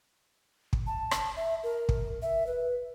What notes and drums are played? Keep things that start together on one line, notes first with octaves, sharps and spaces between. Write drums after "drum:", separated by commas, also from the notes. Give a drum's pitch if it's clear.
drum: kick
A5
drum: rim click
E5
A#4
drum: kick
E5
B4